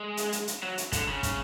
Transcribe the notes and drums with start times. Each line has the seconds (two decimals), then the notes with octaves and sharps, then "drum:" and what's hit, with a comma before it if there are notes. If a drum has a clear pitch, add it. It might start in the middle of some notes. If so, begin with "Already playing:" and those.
Already playing: G#3
0.17 drum: hi-hat
0.32 drum: hi-hat
0.47 drum: hi-hat
0.62 F#3
0.78 drum: hi-hat
0.92 D3, drum: kick, hi-hat
1.08 C#3
1.23 drum: kick, hi-hat